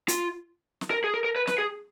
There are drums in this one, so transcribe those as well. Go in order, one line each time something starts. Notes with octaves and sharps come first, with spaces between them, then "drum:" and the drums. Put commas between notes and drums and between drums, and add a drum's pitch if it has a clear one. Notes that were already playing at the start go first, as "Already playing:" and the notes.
F4, drum: hi-hat
drum: snare
A#4
G#4
A#4
A#4
B4
B4, drum: snare
G#4